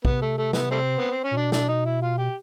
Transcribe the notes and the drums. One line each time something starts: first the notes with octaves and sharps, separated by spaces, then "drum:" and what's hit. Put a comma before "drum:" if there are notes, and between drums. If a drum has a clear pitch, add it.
C3 B3, drum: kick
A3
A3
B3, drum: snare
G3 A3 C4
B3
C4
C#4
A#2
B2 D4
D4, drum: snare
D#4
E4
F4
G4